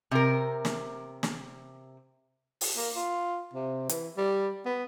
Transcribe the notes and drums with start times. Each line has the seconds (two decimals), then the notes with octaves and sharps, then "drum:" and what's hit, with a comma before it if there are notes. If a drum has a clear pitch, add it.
0.11 C3 A#4
0.65 drum: snare
1.23 drum: snare
2.61 drum: open hi-hat
2.77 A#3
2.95 F4
3.54 C3
3.89 E3, drum: hi-hat
4.17 G3
4.66 B3